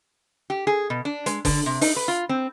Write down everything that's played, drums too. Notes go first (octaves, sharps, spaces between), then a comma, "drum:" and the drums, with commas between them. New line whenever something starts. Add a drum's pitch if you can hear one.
G4
G#4
B2
D4
G#3, drum: hi-hat
D3, drum: kick F#1, open hi-hat
C3
D#4, drum: open hi-hat
B4
F4
C4